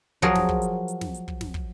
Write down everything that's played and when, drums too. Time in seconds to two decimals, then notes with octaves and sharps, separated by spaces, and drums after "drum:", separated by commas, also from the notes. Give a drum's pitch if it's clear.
0.22 F3 F#3 G#4 A#4, drum: kick
0.35 drum: snare
0.49 drum: kick
0.62 drum: hi-hat
0.88 drum: hi-hat
1.01 drum: snare
1.15 drum: hi-hat
1.28 drum: kick
1.41 drum: snare
1.54 drum: kick